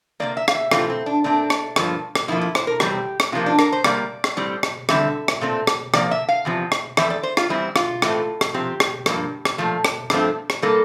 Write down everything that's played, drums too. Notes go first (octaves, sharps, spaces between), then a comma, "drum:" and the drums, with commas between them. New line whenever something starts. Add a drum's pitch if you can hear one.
C3 F3 A#3 D5
E5
F5, drum: rim click
E5
C3 E3 A3 C4 F4, drum: rim click
C4
D4
A#2 A3 C4 D4
drum: rim click
G2 F3 A#3, drum: rim click
drum: rim click
F2 D3 F3 A#3 E4
E4
C5, drum: rim click
A#4
E2 C3 G3 C4 G4, drum: rim click
drum: rim click
C3 F3 A#3 F4
D4
A#4, drum: rim click
C5
C3 G3 A#3 D5, drum: rim click
drum: rim click
A2 G3 C4
drum: rim click
E2 D3 G3 C4 E5, drum: rim click
drum: rim click
A#2 A3 C4
drum: rim click
C3 F3 A#3 D5, drum: rim click
E5
F5
E2 C3 F3
drum: rim click
F2 E3 A3 C4 E5, drum: rim click
D5
C5
F4, drum: rim click
E2 E3 G3 C4 E4
F4, drum: rim click
A2 E3 A3 C4, drum: rim click
drum: rim click
C3 F3 C4 G4
drum: rim click
G2 F3 A#3, drum: rim click
drum: rim click
A#2 F3 A3
drum: rim click
G2 F3 A3 C4, drum: rim click
drum: rim click
A2 G3 A#3 A4